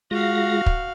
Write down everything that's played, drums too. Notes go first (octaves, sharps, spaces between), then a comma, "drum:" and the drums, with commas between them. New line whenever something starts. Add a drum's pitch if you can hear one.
G#3 F4 F#4 F5 A#6
drum: kick